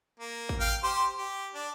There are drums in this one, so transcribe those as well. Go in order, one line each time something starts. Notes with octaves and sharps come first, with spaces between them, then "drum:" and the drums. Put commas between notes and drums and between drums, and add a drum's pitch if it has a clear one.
A#3
drum: kick
F5 G5
G4 C5 C6
G4
D4